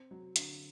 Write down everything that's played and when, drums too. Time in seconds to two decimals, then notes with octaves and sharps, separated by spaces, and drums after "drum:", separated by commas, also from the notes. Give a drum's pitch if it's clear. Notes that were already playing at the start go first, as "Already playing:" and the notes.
Already playing: C4
0.11 F#3
0.36 D3, drum: hi-hat